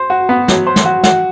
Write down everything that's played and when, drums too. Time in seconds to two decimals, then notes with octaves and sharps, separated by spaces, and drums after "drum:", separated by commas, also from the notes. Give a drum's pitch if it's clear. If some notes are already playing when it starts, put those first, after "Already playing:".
Already playing: C5
0.10 F#4
0.29 B3
0.48 F#3, drum: snare
0.67 C5
0.76 drum: snare
0.85 F#4
1.03 F#4, drum: snare